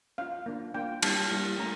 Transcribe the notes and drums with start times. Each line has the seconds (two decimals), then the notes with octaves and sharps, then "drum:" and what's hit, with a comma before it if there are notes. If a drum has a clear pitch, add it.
0.18 C#4 F4 F5
0.46 A#3 D4 F4
0.74 A#3 D4 F4 G5
1.02 G3 A#3 E4 G4 A5, drum: cymbal
1.31 G3 A#3 E4 G4
1.59 A3 C#4 G4 A#5